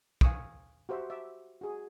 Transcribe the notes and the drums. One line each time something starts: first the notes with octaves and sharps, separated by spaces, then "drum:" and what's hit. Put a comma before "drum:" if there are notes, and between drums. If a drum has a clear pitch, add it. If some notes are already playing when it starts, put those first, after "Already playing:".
F5 G#5 C#6 D#6 E6, drum: kick
F#4 G4 C5 E5
E5 D6
F#4 G#4